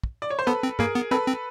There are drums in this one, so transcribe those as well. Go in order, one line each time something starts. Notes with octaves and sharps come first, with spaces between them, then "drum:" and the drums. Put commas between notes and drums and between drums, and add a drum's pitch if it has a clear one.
drum: kick
D5
C#5
C5
B3 A4 B4
C4
A#3 G#4 A#4, drum: tom
B3
C4 A4 B4
C4